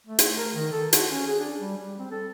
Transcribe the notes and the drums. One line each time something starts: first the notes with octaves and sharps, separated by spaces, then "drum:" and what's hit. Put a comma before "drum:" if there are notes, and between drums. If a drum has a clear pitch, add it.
A3
drum: hi-hat
A#4
D#3
A4
F#4, drum: hi-hat
C#4
G#4
D4
G3
G3
C4
A4